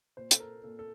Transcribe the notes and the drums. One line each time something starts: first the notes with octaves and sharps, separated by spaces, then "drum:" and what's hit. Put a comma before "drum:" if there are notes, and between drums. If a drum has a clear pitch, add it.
A#2 C5
A4, drum: hi-hat
A#4
A#2 A4
A4